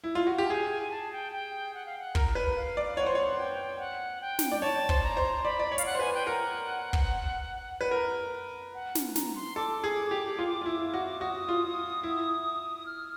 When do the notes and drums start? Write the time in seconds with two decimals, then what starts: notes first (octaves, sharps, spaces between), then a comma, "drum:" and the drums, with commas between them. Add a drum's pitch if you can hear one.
0.04 E4
0.15 F4
0.27 F#4
0.38 G4
0.46 A5
0.49 G#4 G#5
0.70 G#5
0.83 G#5
0.91 A5
1.12 G5
1.32 G5
1.74 F#5
1.86 F5
1.98 F#5
2.15 A#4, drum: kick
2.35 B4
2.56 F5
2.77 D5
2.97 C#5 F#5
3.06 C5
3.15 C#5
3.38 G5
3.79 F#5
4.21 G5
4.39 drum: snare
4.52 D5
4.61 C#5 A5
4.89 C5, drum: kick
5.03 A#5
5.17 C5
5.44 D5 B5
5.60 D5
5.72 C#5
5.78 F5, drum: hi-hat
5.86 F#5
5.95 C5
5.99 B4 G#5
6.14 G5
6.26 A#4 F#5
6.93 drum: kick
7.81 B4
7.91 A#4
8.74 F#5
8.95 drum: snare
9.16 A#5, drum: snare
9.35 C6
9.56 A4 D6
9.84 G#4
10.11 G4
10.39 F4
10.61 F4
10.66 E4
10.94 F#4
11.20 F#4 D#6
11.49 F4
12.03 E4
12.86 F6